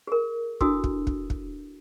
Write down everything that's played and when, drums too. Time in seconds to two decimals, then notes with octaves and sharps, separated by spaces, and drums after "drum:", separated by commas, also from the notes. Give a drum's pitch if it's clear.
0.07 G#4 A#4
0.61 D4 E4 F#4 A4 D#6 E6, drum: kick
0.84 drum: kick
1.07 drum: kick
1.30 drum: kick